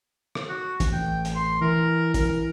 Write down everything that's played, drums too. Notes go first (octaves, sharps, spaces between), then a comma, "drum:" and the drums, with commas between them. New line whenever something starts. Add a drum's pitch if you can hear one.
drum: rim click
F#4
drum: kick, hi-hat
A1 G5
drum: hi-hat
C6
E3 A#4
A#4, drum: kick, hi-hat